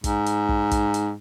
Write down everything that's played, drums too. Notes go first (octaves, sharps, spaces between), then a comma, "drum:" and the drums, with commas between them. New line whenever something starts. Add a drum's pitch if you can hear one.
G#2, drum: kick, hi-hat
drum: hi-hat
drum: kick
drum: kick, hi-hat
drum: hi-hat